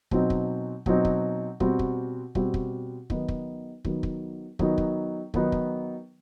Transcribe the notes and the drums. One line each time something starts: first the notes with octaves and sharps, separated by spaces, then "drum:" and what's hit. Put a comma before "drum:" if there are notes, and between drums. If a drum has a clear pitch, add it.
B2 F#3 C4 D#4, drum: kick
drum: kick
B2 F#3 C4 D#4, drum: kick
drum: kick
B2 G3 C4 F#4, drum: kick
drum: kick
B2 G3 C4 F#4, drum: kick
drum: kick
D#3 F#3 B3 D#4, drum: kick
drum: kick
D#3 F#3 B3 D#4, drum: kick
drum: kick
D#3 F#3 B3 D#4, drum: kick
drum: kick
D#3 F#3 B3 D#4, drum: kick
drum: kick